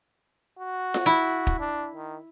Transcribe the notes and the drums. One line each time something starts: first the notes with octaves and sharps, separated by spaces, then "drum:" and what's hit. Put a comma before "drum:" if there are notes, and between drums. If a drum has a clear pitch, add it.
F#4
drum: snare F4
E4
drum: kick
D4
D#3